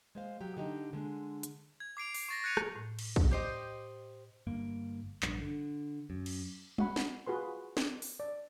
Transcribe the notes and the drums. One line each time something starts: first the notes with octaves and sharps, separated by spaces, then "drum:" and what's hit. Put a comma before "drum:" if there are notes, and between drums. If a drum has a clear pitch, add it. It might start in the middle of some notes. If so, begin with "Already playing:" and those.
G#3 C5 F5
F#3 G4
D3 D#4 G4 D#5
D3 G#3
drum: hi-hat
G#6
D6 C7 D7 F7
C7, drum: open hi-hat
C#6 A6 A#6
F#6 G#6 C#7 D#7 F7
drum: rim click
A2
drum: cymbal
drum: kick
G4 C5 D#5
G1 G2 A#3
A#1 G2, drum: clap
D3
F#2
drum: cymbal
C#4 F#4 F#5 B5, drum: tom G3
drum: snare
F4 F#4 G#4 B4 C6
drum: snare
drum: open hi-hat
D5